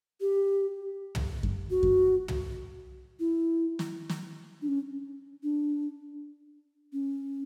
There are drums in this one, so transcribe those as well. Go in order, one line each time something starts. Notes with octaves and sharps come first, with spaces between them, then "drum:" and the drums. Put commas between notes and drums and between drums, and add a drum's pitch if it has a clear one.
G4
drum: tom
drum: kick F#2
F#4
drum: kick F#2
drum: tom
E4
drum: snare
drum: snare
D4
C#4
D4
C#4